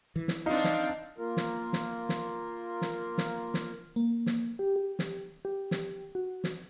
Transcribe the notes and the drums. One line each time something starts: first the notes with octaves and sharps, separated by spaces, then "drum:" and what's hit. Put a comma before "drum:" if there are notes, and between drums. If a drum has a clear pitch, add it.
E3
drum: snare
C4 D4 D#4 F5
drum: snare
A#3 F4 A#4
drum: snare
drum: snare
drum: snare
drum: snare
drum: snare
drum: snare
A#3
drum: snare
G4
G4
drum: snare
G4
drum: snare
F#4
drum: snare